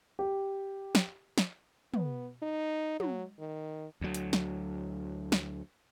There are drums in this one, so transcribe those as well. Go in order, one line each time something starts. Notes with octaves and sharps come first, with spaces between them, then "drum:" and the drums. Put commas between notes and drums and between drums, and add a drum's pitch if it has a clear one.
G4
drum: snare
drum: snare
B3, drum: tom
D#4
F#3, drum: tom
D#3
D2 F#3
drum: hi-hat
drum: snare
drum: snare